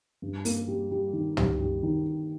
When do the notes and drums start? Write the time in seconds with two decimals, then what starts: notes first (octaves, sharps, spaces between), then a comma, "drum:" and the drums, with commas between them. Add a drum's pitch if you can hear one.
0.22 G2
0.45 A#3, drum: open hi-hat
0.68 G3
0.91 G3
1.13 D#3
1.37 G3, drum: tom
1.60 G3
1.83 D#3